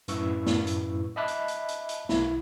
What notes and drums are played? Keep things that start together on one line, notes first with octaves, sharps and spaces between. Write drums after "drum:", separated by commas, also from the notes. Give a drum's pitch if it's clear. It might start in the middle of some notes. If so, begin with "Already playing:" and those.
F#2 A2 E4 B4 C#6 E6, drum: hi-hat
drum: snare
drum: hi-hat
D#5 E5 A5 B5 D6 F#6
drum: hi-hat
drum: hi-hat
drum: hi-hat
drum: hi-hat
B1 E4, drum: snare